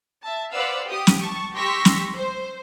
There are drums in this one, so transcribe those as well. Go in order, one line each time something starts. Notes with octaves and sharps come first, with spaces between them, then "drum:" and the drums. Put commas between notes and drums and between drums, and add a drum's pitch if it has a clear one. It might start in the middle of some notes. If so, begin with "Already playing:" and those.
E5 A5
B4 C5 D5 F5 F#5 E6
G4 D#6
drum: snare
A5 C#6
G4 C6 C#6 E6 A#6 B6
drum: snare
C5